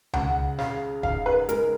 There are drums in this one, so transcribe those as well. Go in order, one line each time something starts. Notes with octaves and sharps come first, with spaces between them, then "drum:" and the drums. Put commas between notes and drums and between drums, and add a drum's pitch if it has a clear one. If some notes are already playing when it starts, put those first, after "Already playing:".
C#2 F#5, drum: tom C#2
C#3 F5, drum: snare
D#4 F5, drum: kick E1
B4
G#3 A#4, drum: hi-hat